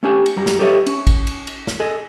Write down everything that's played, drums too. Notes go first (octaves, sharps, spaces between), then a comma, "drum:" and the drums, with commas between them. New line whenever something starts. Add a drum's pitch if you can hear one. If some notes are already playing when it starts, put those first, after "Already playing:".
A3 C#4 G4 G#5
drum: cymbal
F#2 G3 A#5
drum: snare
G4 A4 B4 C#5 D#5 E5
C#4, drum: cymbal
drum: kick A1, cymbal
drum: cymbal
drum: cymbal
drum: snare
G#4 A4 D#5